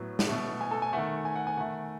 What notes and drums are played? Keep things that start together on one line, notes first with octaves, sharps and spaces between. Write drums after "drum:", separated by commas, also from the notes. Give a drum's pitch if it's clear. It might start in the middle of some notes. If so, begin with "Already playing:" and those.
Already playing: A2 F#3 B3
drum: snare
B2 A3
G#5
A4
G#5
D#3 A3 F#5
G#5
F#5
G#5
D#3 A3 F#5